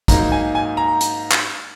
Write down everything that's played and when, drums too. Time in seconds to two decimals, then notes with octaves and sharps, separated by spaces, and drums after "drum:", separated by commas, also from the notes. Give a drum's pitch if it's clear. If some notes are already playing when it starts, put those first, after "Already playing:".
0.08 G#2 F#3 A#3 D#4 A#5, drum: kick, hi-hat
0.32 G#5
0.55 G#5
0.77 A#5
1.01 drum: hi-hat
1.31 drum: clap